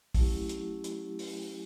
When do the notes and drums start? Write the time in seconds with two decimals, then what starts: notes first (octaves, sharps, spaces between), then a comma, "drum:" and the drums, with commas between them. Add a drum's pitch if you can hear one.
0.15 F#3 A3 C#4 E4 G4, drum: kick, open hi-hat
0.49 drum: hi-hat
0.84 drum: hi-hat
1.19 drum: open hi-hat